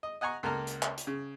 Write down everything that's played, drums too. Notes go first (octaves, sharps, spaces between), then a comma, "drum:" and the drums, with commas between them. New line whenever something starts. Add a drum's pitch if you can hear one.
D#5
D#5 F#5 G#5 A#5 C#6
C#2 A#3 A4 A#5 F6
drum: hi-hat
drum: clap
drum: hi-hat
C#3